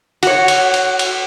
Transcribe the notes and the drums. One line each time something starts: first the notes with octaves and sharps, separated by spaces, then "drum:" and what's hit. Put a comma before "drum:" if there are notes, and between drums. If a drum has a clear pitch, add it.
F#4 C#5, drum: cymbal
drum: cymbal
drum: cymbal
drum: cymbal